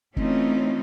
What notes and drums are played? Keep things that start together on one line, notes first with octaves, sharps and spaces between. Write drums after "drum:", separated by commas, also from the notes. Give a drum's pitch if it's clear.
E3 A3 C4 C#4 D#4 F4, drum: kick